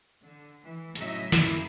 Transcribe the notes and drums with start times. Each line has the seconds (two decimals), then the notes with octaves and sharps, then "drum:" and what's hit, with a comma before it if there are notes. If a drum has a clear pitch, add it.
0.22 D3
0.62 E3
0.95 A2 C#3 F#3 D#4 D#5 E5, drum: hi-hat
1.32 F#2 E3 A#3 E4 G#4, drum: snare